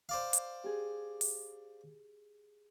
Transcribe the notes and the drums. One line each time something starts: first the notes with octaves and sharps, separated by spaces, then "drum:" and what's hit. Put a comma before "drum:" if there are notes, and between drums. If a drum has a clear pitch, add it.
C5 D5 F5
drum: hi-hat
G4 G#4
drum: open hi-hat